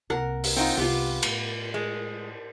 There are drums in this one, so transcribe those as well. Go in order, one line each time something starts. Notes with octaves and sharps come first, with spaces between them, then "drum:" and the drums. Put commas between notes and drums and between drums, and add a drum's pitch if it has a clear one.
C2 A#3 A#4 F#5
drum: open hi-hat
C4 D#4 F4 F#5
C2 B3 F4 G4
A2, drum: cymbal
G#3